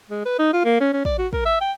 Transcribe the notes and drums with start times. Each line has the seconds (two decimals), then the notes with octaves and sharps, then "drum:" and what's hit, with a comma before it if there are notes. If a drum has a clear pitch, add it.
0.09 G#3
0.26 B4
0.39 D#4
0.53 F4
0.65 A#3
0.80 C#4
0.93 C#4
1.05 D5, drum: kick
1.18 F#4
1.33 A#4, drum: kick
1.45 E5
1.61 G5